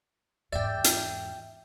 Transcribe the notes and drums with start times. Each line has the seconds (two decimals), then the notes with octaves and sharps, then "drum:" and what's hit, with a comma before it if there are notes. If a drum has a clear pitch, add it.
0.52 E2 G#2 D5 E5 G5
0.84 drum: hi-hat